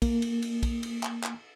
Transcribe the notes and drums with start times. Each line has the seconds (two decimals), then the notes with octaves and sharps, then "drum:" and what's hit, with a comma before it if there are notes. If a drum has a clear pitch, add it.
0.02 A#3, drum: kick A#1, cymbal
0.22 drum: cymbal
0.42 drum: cymbal
0.63 drum: kick A#1, cymbal
0.83 drum: cymbal
1.03 drum: clap
1.23 drum: clap